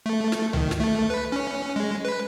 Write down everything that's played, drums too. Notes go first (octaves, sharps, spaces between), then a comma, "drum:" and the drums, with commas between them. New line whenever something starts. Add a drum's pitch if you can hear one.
A3
drum: snare
D#3, drum: tom C2
drum: snare
A3
B4
C#4
G#3
B4